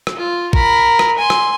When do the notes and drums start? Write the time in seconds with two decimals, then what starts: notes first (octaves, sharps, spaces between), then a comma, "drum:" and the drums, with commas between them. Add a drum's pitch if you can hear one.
0.07 drum: rim click
0.16 F4
0.53 A#4 B5, drum: kick A1
0.99 drum: rim click
1.18 G#5 C6
1.30 drum: rim click